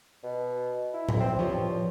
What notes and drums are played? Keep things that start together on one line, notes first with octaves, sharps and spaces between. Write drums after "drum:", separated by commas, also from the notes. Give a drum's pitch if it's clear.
B2
E4
drum: tom A2
C4
G2 F3 C#5
E2